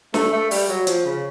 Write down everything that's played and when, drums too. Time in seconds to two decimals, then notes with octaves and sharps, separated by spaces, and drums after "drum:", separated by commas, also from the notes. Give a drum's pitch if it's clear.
0.14 A3, drum: snare
0.33 A3
0.51 G3, drum: open hi-hat
0.69 F#3
0.87 F3, drum: hi-hat
1.05 C#3